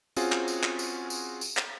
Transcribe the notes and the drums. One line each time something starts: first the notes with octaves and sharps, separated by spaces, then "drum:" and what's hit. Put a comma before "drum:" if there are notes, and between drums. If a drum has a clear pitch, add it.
C4 C#4 F4 F#4 G#4, drum: tambourine
drum: clap
drum: tambourine
drum: clap
drum: tambourine
drum: tambourine
drum: tambourine
drum: clap